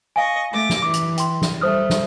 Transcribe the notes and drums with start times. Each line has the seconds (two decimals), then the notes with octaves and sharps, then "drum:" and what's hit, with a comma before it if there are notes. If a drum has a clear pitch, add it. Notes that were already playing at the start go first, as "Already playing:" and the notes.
0.16 D#5 F5 G#5 C#6
0.52 A3 D6 A#6
0.70 drum: snare
0.82 E3 D6
0.94 drum: hi-hat
1.18 G5 C6, drum: hi-hat
1.42 drum: snare
1.61 G3 A3 C5 D#6 F6
1.90 drum: snare